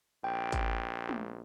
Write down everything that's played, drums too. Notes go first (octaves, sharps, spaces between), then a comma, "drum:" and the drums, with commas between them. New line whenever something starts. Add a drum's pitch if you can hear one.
A#1 G5
drum: kick G#1, hi-hat
drum: tom